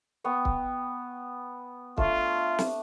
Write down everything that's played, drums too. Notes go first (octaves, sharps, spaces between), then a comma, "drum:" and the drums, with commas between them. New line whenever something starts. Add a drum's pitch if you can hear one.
B3 G5 C#6
drum: kick
A3 D4 F4, drum: kick
drum: snare